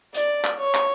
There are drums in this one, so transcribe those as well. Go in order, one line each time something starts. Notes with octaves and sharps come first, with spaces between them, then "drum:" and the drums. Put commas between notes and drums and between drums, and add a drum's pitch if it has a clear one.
D5, drum: hi-hat
drum: clap
C#5
drum: clap